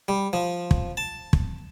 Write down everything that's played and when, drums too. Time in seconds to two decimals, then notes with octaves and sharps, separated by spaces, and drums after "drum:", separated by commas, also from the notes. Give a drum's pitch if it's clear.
0.08 G3
0.33 F3
0.71 drum: kick
0.97 A5
1.33 drum: kick